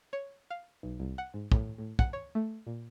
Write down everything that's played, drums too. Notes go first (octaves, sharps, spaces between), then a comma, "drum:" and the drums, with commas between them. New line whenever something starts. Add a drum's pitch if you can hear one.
C#5
F5
B1
C2
F#5
G#2
A2, drum: kick
A2
F#5, drum: kick
C#5
A3
A#2